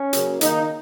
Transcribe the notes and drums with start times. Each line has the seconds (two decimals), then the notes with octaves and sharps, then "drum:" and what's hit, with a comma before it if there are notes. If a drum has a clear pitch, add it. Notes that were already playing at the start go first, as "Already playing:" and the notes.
Already playing: C#4
0.13 C#3 F#3 A#3, drum: hi-hat
0.41 D#3 A#3 D#4, drum: hi-hat